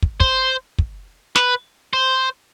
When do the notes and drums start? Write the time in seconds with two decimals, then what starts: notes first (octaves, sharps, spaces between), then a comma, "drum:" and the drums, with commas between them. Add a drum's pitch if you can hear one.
0.02 drum: kick
0.20 C5, drum: kick
0.78 drum: kick
1.36 B4, drum: snare
1.93 C5